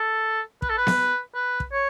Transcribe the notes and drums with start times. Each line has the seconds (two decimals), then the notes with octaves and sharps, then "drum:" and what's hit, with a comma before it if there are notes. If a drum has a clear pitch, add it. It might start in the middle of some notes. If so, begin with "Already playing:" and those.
Already playing: A4
0.62 B4, drum: kick
0.70 A4
0.78 B4
0.87 drum: snare B3
1.35 B4
1.60 drum: kick
1.72 C#5